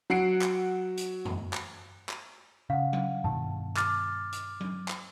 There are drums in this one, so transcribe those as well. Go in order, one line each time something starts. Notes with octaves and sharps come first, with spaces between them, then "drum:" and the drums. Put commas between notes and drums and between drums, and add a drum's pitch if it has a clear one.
F#3 F#5 C7 D7
drum: clap
drum: hi-hat
drum: tom F2
drum: clap
drum: clap
C#3 F5 F#5
drum: tom F#3
G2 B2 D#3 A5
D6 F6 A6, drum: clap
drum: hi-hat
drum: tom F#3
drum: clap